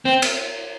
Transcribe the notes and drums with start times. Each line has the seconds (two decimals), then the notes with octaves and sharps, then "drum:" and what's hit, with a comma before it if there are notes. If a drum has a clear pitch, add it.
0.05 C4
0.22 drum: cymbal